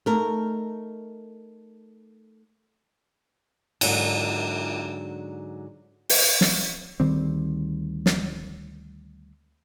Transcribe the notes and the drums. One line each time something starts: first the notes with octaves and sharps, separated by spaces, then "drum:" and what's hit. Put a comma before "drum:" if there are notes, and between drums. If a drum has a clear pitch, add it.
A3 D#4 A#4
G#2 D3 F#3, drum: cymbal
drum: open hi-hat
drum: snare
D2 D#3 G3 C4
drum: snare